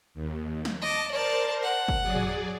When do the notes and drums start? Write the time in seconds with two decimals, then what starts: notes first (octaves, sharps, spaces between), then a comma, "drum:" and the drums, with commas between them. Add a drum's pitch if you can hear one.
0.14 D#2
0.65 drum: snare
0.82 D#5 A5 D6
1.12 A#4 C5 D5 A5
1.63 F#5
1.88 drum: kick
2.01 F#3 G#4 D5
2.15 drum: tom